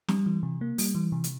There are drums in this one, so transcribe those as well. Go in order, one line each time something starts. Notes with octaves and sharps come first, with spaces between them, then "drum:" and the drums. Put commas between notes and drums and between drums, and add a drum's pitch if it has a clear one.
G3, drum: snare
E3
C3
A#3
G3, drum: open hi-hat
E3
C3
drum: hi-hat